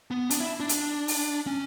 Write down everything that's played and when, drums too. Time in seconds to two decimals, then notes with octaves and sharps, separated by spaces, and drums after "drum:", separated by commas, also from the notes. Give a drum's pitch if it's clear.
0.11 B3
0.30 D4, drum: hi-hat
0.40 E4
0.60 D4
0.69 drum: hi-hat
1.08 drum: open hi-hat
1.47 C#4